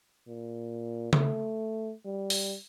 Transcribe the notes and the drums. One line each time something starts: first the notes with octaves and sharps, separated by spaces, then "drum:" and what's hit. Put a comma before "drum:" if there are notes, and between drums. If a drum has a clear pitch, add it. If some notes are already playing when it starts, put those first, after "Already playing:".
A#2
A3, drum: tom C#3
G3
drum: open hi-hat